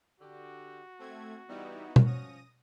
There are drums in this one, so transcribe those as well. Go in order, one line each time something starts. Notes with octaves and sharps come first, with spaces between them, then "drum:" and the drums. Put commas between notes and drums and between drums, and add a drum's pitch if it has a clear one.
D3 F#4 G4
A3 C4 G#6
E3 G3 B3 D#4 E4
drum: tom B2
F3 C#4 D#6 A#6 D#7